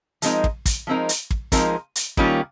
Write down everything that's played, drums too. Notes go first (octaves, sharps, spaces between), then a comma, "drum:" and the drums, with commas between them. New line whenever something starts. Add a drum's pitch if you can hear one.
F3 G#3 C4 D#4 A#4, drum: hi-hat
drum: kick
drum: kick, hi-hat
F3 G#3 C4 D#4 A#4
drum: hi-hat
drum: kick
F3 G#3 C4 D#4 A#4, drum: kick, hi-hat
drum: hi-hat
D#3 G3 A#3 C#4 F4, drum: kick